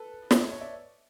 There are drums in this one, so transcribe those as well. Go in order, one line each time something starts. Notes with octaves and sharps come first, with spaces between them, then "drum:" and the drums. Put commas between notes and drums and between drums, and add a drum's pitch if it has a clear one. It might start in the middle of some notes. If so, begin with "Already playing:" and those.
Already playing: A4 B4
E5, drum: snare
C#5 D#5
C#5 D#5
D5 E5